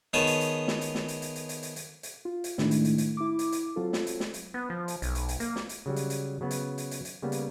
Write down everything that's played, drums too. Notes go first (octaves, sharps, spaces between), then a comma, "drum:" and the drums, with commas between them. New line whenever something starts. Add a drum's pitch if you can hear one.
D#3 B3 G#4 C#5 A5, drum: hi-hat
drum: hi-hat
drum: hi-hat
drum: snare
drum: hi-hat
drum: snare
drum: hi-hat
drum: hi-hat
drum: hi-hat
drum: hi-hat
drum: hi-hat
drum: hi-hat
drum: hi-hat
F4
drum: hi-hat
A2 D#3 G#3 A3 D4 E4, drum: snare
drum: hi-hat
drum: hi-hat
drum: hi-hat
E4 D6
drum: hi-hat
drum: hi-hat
F#3 C4 F4 A4
drum: snare
drum: hi-hat
drum: snare
drum: hi-hat
B3
F3
drum: hi-hat
B1, drum: hi-hat
drum: hi-hat
drum: hi-hat
A#3, drum: hi-hat
drum: snare
drum: hi-hat
C#3 F#3 G3
drum: hi-hat
drum: hi-hat
C#3 F#3 B3
drum: hi-hat
drum: hi-hat
drum: hi-hat
drum: hi-hat
C#3 G3 A#3 B3
drum: hi-hat